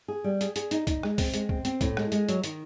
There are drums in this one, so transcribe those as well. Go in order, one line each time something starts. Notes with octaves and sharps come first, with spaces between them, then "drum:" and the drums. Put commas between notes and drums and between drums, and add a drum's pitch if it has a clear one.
G#4
G3
G#4, drum: hi-hat
G#4, drum: hi-hat
D#4, drum: hi-hat
D#4, drum: kick, hi-hat
G#3, drum: rim click
C4, drum: kick, open hi-hat
G#3, drum: hi-hat
C4, drum: kick
C4, drum: hi-hat
A2, drum: kick, hi-hat
G#3, drum: rim click
G#3, drum: hi-hat
F#3, drum: hi-hat
D#3, drum: hi-hat